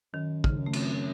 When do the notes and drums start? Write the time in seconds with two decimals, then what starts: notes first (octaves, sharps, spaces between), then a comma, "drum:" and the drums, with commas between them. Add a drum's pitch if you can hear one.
0.13 F#2 D#3
0.44 G#2 C#3, drum: kick
0.58 F#2
0.66 A3
0.73 C4, drum: cymbal